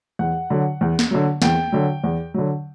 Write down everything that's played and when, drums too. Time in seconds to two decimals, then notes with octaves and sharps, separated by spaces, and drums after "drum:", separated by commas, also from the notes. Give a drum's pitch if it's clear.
0.19 E2 F#5
0.50 D3 F#3
0.81 E2
0.99 drum: snare
1.11 D3 F#3
1.42 E2 G5, drum: snare
1.72 D3 F#3
2.04 E2
2.34 D3 F#3